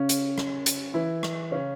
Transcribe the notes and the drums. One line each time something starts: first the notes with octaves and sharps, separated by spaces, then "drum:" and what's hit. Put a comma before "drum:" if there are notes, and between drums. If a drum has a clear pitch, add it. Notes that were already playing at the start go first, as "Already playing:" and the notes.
Already playing: C#3 C#4
drum: hi-hat
drum: rim click
drum: hi-hat
E3 E4
drum: rim click
C#3 C#4